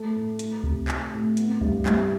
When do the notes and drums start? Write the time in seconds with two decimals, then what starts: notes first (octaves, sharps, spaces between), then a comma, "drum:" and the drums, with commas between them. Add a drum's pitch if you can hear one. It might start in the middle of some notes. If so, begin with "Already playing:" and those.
Already playing: A3
0.15 A2
0.39 A3, drum: hi-hat
0.64 C3, drum: kick C#2
0.88 A3, drum: clap
1.13 A2
1.37 B3, drum: hi-hat
1.61 G2, drum: kick C#2
1.86 C2, drum: clap